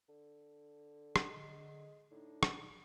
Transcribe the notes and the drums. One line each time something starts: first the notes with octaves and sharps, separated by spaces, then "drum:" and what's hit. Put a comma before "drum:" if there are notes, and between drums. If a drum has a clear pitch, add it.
D3
drum: rim click
D3 G#3
A2 D4 D#4
drum: rim click